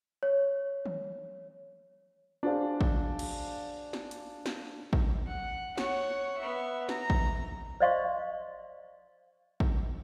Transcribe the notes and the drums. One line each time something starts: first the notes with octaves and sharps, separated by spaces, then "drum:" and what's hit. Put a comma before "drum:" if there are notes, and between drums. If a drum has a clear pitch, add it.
C#5
drum: tom D#3
D4 F#4 G#4 C5 F5
drum: kick
drum: cymbal
drum: snare
drum: hi-hat
drum: snare
drum: kick
F#5
C#5 F#5, drum: snare
B3 E5
A#5, drum: snare
drum: kick
C5 D5 D#5 F5 C6 C#6
drum: kick